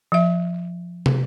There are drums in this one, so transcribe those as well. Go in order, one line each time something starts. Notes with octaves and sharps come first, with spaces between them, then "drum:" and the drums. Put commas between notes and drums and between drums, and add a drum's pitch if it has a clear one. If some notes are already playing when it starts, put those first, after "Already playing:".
F3 E5
drum: tom